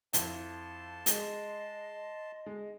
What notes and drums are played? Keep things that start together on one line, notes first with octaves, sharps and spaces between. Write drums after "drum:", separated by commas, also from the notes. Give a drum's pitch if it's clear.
F2 F3 E4 A5 C6, drum: hi-hat
G#3 D#5, drum: hi-hat
G#3